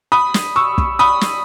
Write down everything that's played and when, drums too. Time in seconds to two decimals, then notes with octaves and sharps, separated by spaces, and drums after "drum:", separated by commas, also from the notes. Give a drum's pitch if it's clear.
0.12 B5 D#6
0.34 drum: snare
0.56 C#6 E6
0.78 drum: kick
0.99 B5 D#6
1.21 drum: snare